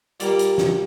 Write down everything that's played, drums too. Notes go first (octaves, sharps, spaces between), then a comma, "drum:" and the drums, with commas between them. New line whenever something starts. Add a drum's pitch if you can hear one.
A#2 G3 A#3 D5, drum: hi-hat
drum: hi-hat
drum: snare